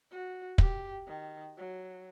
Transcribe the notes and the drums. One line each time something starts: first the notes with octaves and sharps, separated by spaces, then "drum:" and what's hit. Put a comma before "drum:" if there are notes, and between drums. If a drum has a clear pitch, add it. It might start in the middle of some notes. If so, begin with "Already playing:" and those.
F#4
G4, drum: kick
D#3
F#3